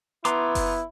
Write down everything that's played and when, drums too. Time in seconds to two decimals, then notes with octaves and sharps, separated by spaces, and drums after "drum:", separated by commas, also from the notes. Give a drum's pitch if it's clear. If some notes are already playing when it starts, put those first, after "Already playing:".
0.25 B3 E4 A#5 C6 D6, drum: hi-hat
0.55 drum: kick F#1, open hi-hat